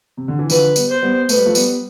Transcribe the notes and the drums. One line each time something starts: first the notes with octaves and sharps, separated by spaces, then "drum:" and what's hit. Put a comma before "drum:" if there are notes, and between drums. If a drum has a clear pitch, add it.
C3
D3
E3
D3 F3 B4, drum: tambourine
G3 B3, drum: tambourine
C5
G3 B3
A3 B4, drum: tambourine
G3
F3 A3
G3 B3, drum: tambourine